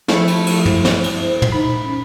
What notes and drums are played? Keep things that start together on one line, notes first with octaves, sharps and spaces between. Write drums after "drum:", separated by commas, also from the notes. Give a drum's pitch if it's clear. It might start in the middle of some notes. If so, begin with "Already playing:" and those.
F3 A3 E4 C#7, drum: snare
drum: cymbal
drum: cymbal
drum: tom
drum: snare
drum: cymbal
C5
drum: tom
D#4 B5
C#4